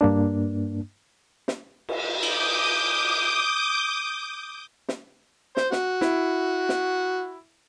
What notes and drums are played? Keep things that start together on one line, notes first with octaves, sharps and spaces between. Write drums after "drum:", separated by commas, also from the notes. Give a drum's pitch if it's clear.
G2 A#3 D4
drum: snare
drum: cymbal
D6 D#6 G6, drum: cymbal
drum: snare
C5, drum: snare
F#4, drum: snare
E4, drum: snare
drum: snare